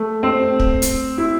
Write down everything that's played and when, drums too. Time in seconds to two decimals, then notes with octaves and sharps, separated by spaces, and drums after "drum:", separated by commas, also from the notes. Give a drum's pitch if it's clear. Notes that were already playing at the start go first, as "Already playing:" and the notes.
Already playing: A3
0.23 C4
0.60 drum: kick
0.82 drum: hi-hat
1.18 E4